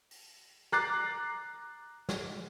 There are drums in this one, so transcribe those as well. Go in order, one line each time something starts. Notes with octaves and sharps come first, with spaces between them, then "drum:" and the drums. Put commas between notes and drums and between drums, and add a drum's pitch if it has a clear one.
drum: open hi-hat
A#5 D6 F#6 A6 C7, drum: rim click
drum: snare